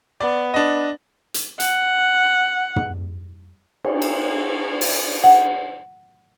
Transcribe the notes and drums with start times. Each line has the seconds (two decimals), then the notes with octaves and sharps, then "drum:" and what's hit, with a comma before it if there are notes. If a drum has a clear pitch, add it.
0.20 B3 D5
0.54 D4 D#5
1.34 drum: hi-hat
1.60 F#5, drum: hi-hat
2.76 drum: tom
3.84 drum: cymbal
4.02 drum: cymbal
4.81 drum: open hi-hat
5.24 F#5